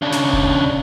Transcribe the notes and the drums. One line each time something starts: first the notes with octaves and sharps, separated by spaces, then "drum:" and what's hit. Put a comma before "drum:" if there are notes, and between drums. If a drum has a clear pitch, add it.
C#3 D4
drum: snare
drum: kick E1